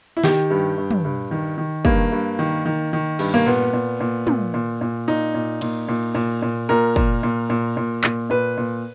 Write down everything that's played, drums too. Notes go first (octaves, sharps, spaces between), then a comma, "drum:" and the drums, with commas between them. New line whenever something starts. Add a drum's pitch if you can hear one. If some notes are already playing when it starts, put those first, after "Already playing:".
E4
D#3 G4, drum: snare
G2
G2
drum: tom
G2
D#3
D#3
G2 A#3, drum: kick
G2
D#3
D#3
D#3
G2, drum: cymbal
A#3
A#2 B3
A#2
A#2
A#2, drum: tom
A#2
A#2
A#2 D#4
A#2
A#2, drum: cymbal
A#2
A#2
A#2
A#2 A#4
A#2, drum: kick
A#2
A#2
A#2
A#2, drum: clap
A#2 B4
A#2